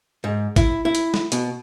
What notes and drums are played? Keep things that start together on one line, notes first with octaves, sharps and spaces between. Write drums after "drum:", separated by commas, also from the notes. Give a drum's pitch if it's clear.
G#2
E4, drum: kick G#1, hi-hat
E4
drum: hi-hat
drum: snare
B2, drum: hi-hat